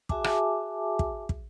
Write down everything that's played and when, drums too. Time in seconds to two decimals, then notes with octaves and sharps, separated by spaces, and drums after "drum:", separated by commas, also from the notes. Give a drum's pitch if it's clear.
0.09 F#4 G#4 E5 G#5 A5 D6, drum: kick
0.24 drum: rim click
0.99 drum: kick
1.29 drum: kick